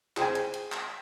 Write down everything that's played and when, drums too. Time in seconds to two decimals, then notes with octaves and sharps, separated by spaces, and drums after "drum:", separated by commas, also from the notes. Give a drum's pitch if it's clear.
0.17 G#4 C5 G5 G#5, drum: clap
0.35 drum: cymbal
0.54 drum: cymbal
0.72 drum: clap